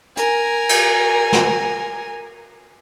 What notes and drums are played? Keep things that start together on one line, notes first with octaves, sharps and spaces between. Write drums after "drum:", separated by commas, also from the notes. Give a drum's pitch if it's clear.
A#4 G#5, drum: hi-hat
drum: cymbal
drum: snare